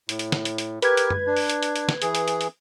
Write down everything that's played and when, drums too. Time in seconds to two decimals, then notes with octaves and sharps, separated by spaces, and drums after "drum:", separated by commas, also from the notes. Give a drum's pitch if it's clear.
0.09 A2, drum: hi-hat
0.19 drum: hi-hat
0.32 drum: snare
0.45 drum: hi-hat
0.58 drum: hi-hat
0.82 G4 A#4 B4 G#6, drum: hi-hat
0.97 drum: hi-hat
1.10 drum: tom F#2
1.27 D4
1.36 drum: open hi-hat
1.50 drum: hi-hat
1.63 drum: hi-hat
1.76 drum: hi-hat
1.89 drum: snare
2.02 E3 G#4, drum: hi-hat
2.15 drum: hi-hat
2.28 drum: hi-hat
2.41 drum: hi-hat